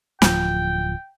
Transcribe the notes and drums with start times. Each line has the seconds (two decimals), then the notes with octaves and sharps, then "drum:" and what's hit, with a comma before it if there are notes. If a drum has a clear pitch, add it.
0.22 D1 F3 G5, drum: snare